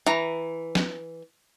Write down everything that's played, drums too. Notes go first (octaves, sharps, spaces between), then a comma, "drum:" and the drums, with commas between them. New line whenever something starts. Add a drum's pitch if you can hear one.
E3 A#5, drum: hi-hat
drum: snare